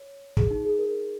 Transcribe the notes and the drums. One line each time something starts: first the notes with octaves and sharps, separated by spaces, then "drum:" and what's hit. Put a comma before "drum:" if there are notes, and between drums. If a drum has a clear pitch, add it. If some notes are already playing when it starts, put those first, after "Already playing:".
Already playing: C#5
G#4, drum: kick
D#4
G#4
A#4